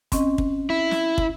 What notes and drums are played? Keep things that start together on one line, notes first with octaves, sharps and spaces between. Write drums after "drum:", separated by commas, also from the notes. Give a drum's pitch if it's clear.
C4 C#4 D#5, drum: kick, hi-hat
drum: kick
E4
drum: snare
drum: kick